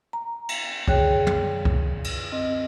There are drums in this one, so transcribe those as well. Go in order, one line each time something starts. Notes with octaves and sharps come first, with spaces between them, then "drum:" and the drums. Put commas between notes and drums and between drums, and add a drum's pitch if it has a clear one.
A#5
drum: cymbal
F#2 D3 G#4 C#5 G5 F#6, drum: kick C2
drum: tom
drum: kick C2
drum: cymbal
C4 D#5